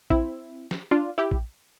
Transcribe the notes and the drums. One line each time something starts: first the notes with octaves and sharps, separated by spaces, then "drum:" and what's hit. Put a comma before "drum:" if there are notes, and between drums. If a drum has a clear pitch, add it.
C4 E4, drum: kick A#1
drum: snare
D4 F4
E4 G4
drum: kick A#1